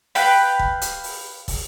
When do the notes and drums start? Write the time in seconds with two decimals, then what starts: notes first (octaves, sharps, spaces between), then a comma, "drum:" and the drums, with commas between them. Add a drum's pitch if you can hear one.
0.15 B4 F5 G5 B5, drum: open hi-hat
0.59 drum: kick
0.81 drum: hi-hat
1.04 drum: open hi-hat
1.48 drum: kick, open hi-hat